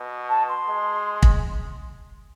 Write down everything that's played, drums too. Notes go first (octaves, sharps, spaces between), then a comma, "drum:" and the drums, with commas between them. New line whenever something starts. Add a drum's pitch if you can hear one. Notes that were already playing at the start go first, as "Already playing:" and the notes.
Already playing: B2
A5
C6
G#3
drum: kick